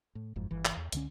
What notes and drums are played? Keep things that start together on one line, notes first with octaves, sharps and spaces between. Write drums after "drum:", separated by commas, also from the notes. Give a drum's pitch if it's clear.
A2
F#1 F2 G#2
G1 E3
drum: clap
E2
C#2 D3 C#4, drum: hi-hat